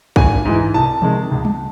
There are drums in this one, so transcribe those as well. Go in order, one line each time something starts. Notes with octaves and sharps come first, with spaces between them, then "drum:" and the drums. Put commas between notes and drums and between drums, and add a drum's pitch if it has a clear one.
G#1 G#5, drum: kick B1
G#2 E3
C2 A5
C3 D#3 G#3, drum: tom E3
C#2
drum: tom G3